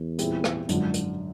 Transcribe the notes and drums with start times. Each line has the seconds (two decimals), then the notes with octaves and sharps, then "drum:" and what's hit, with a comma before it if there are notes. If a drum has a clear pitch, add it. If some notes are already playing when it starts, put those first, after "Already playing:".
Already playing: E2
0.19 A#2 G3 C4 E4 G#4, drum: hi-hat
0.44 drum: rim click
0.69 G#1 F#2 D3 F3, drum: hi-hat
0.94 drum: hi-hat